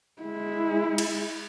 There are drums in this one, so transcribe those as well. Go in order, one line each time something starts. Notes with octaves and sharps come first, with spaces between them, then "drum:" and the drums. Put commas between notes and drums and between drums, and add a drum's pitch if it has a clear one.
G#3 E4
drum: cymbal